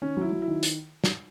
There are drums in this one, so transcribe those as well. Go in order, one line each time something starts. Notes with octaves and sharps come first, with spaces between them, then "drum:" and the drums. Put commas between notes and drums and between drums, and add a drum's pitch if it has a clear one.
D#3 C#4
F#3 E4
F#3
E4
D#3
drum: hi-hat
drum: snare